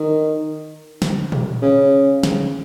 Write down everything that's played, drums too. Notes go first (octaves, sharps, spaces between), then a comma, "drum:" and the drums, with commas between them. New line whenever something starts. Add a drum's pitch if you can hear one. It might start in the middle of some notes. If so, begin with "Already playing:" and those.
Already playing: D#3
drum: snare
drum: tom A#2
C#3
drum: snare